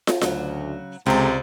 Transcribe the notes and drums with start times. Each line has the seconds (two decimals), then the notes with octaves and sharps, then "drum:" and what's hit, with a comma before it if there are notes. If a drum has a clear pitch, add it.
0.07 drum: snare
0.21 D2 C#3 F#3 F#4, drum: snare
1.06 C#2 C3 G#3 C4 A4 D5 A#5